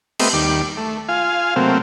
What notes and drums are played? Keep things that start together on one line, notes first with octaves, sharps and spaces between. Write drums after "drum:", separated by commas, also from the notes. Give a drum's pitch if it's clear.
A3 B3 C4 G4 D#5 E5, drum: cymbal
D#2 G3 D6
A3
F4 F5 G#5
C3 F#3 A3 A#3 C4